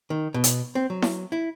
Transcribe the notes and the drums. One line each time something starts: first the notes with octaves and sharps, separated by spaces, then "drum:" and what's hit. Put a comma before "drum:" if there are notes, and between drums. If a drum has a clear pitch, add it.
D#3
B2
drum: hi-hat
C4
F#3
drum: snare E4
E4